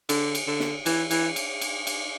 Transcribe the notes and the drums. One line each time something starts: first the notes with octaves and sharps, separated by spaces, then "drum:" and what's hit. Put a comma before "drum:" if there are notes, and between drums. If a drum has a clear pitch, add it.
D3, drum: cymbal
drum: cymbal
D3
drum: snare
E3, drum: cymbal
E3, drum: cymbal
drum: cymbal
drum: cymbal
drum: cymbal